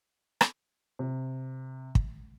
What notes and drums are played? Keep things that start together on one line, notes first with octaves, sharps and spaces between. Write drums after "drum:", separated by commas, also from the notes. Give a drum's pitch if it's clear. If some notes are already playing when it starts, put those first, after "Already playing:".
drum: rim click
C3
drum: kick